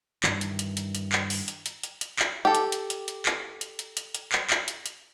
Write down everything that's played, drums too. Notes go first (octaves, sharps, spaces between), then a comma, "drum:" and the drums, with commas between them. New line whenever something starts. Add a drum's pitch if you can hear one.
G2 D#3 E3, drum: clap
drum: hi-hat
drum: hi-hat
drum: hi-hat
drum: hi-hat
drum: clap
drum: open hi-hat
drum: hi-hat
drum: hi-hat
drum: hi-hat
drum: hi-hat
drum: clap
G4 A4
drum: hi-hat
drum: hi-hat
drum: hi-hat
drum: hi-hat
drum: clap
drum: hi-hat
drum: hi-hat
drum: hi-hat
drum: hi-hat
drum: clap
drum: clap
drum: hi-hat
drum: hi-hat